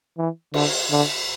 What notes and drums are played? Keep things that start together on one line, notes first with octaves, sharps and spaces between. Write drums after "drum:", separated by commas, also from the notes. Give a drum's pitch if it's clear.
E3
D3, drum: cymbal
D3